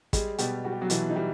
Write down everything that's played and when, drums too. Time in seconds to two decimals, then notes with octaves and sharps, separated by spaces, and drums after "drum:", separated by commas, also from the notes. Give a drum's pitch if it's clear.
0.13 G3 G#3 G#4, drum: kick, hi-hat
0.38 B2 G3 G4, drum: hi-hat
0.65 G3 F#4
0.73 G4
0.81 F#3 F#4
0.90 B2 E3 E4, drum: hi-hat
1.10 D#4
1.16 G3